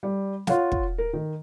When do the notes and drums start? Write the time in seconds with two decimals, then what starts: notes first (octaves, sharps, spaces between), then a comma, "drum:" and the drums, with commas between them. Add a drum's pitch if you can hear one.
0.03 G3
0.47 F4 C#5 F5 F#5, drum: snare
0.72 drum: kick
0.98 A#4
1.13 D#3